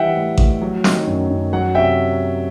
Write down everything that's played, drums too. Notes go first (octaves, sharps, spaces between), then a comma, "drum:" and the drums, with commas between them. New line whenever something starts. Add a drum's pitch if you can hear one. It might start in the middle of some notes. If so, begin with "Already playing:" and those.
Already playing: E3 G3 E5 F#5 G5
A2
A2, drum: kick A1
F#3
D#3, drum: snare
F#2
F#2
F#3 F#5
C3 E5 G5